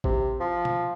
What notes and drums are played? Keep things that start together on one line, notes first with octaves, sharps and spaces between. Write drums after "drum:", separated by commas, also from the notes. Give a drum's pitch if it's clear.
C3, drum: kick A1
F3
drum: tom B2